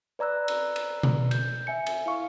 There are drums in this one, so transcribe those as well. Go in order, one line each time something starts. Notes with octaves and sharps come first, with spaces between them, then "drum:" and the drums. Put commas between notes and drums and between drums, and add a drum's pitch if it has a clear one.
B4 D5 A#5 E6 F#6
drum: cymbal
drum: cymbal
drum: tom B2
G6, drum: cymbal
E5 G#5 C#7
drum: cymbal
E4 F5 C#6